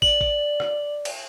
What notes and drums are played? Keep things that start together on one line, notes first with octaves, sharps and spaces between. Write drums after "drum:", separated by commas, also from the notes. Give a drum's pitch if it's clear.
D5 F#7, drum: kick
drum: kick
drum: rim click
drum: cymbal